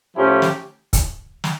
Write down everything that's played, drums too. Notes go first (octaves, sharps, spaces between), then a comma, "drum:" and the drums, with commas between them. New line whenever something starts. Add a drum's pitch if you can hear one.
A2 F3 C#4 E4 G4
drum: snare
drum: kick, hi-hat
drum: snare